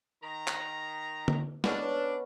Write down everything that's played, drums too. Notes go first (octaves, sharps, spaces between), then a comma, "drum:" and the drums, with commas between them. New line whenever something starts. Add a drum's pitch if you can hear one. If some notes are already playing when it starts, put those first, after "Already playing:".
D#3 A#5
drum: clap
drum: tom D3
B3 C#4 D4 D#5, drum: snare